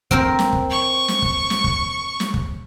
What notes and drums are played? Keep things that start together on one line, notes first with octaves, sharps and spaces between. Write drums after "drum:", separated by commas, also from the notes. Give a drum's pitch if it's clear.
C4 A#4 C5, drum: kick
drum: snare
drum: kick
C#6
drum: snare
drum: kick
drum: snare
drum: kick
drum: snare
drum: kick